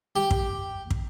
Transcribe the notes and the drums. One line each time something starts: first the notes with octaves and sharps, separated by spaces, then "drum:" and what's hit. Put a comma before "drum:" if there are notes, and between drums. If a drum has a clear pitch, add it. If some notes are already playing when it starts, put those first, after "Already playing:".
G4
drum: kick
drum: kick